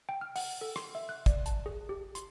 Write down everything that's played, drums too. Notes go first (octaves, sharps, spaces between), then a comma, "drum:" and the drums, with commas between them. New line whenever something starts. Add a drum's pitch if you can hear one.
G5
F6
F#5, drum: open hi-hat
A4
C6, drum: rim click
E5
F#6
D5, drum: kick, hi-hat
A5, drum: hi-hat
G#4
G4
C6, drum: hi-hat